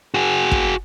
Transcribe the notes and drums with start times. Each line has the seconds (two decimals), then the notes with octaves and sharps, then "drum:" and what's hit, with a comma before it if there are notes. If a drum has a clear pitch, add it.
0.14 F#4 G#4
0.52 drum: kick